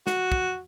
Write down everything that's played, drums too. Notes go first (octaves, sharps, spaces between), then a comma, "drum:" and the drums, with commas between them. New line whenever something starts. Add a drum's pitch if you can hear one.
F#4, drum: snare
drum: kick